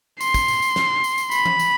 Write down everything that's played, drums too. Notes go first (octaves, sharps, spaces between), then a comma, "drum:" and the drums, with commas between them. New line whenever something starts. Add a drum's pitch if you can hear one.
C6, drum: tambourine
drum: kick, tambourine
drum: tambourine
drum: tambourine
drum: snare
drum: tambourine
drum: tambourine
B5, drum: tambourine
drum: tom E3
drum: tambourine